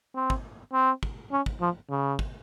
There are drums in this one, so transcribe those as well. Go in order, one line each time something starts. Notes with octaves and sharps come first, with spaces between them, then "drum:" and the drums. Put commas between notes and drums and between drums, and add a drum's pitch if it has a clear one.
C4
drum: kick
C4
drum: kick
C#4
drum: kick
F3
C#3
drum: kick